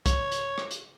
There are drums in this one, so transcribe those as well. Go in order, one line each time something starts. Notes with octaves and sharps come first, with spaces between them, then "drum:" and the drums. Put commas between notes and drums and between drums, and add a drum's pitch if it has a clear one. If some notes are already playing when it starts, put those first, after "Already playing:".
C#5, drum: kick, hi-hat
drum: hi-hat
drum: rim click
drum: hi-hat